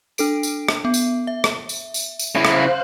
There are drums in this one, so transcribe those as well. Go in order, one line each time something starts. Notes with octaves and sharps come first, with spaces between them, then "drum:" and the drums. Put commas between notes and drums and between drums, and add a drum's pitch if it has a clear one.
D4 A4 D7, drum: tambourine
drum: tambourine
drum: rim click
B3
drum: tambourine
E5
drum: rim click
drum: tambourine
drum: tambourine
drum: tambourine
C#3 E4 C5 F5 F#6
drum: rim click